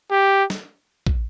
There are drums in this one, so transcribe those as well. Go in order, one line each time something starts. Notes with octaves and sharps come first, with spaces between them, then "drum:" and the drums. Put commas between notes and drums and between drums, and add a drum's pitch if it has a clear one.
G4
drum: snare
drum: kick